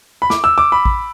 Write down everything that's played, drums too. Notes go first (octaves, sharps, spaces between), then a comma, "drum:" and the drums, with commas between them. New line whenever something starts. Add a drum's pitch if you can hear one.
B5
D6, drum: snare
E6
D6
B5
drum: kick A1